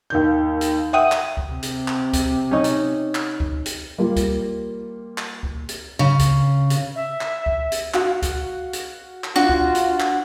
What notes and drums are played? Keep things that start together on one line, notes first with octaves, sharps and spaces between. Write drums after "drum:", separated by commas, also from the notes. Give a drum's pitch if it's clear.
D#2 D#3 G6
drum: hi-hat
E5 F#5 G5 D#6 D#7
drum: clap
drum: kick C#2
C3
drum: hi-hat
drum: clap
drum: kick C#2, hi-hat
C#4 D#4
drum: hi-hat
drum: clap
drum: kick C#2
drum: hi-hat
G3 A#3 F4
drum: kick C#2, hi-hat
drum: clap
drum: kick C#2
drum: hi-hat
C#3
drum: kick C#2, hi-hat
drum: hi-hat
E5
drum: clap
drum: kick C#2
drum: hi-hat
F#4 F5, drum: clap
drum: kick C#2, hi-hat
drum: hi-hat
drum: clap
D4 F4 F#4
drum: kick C#2
drum: hi-hat
drum: clap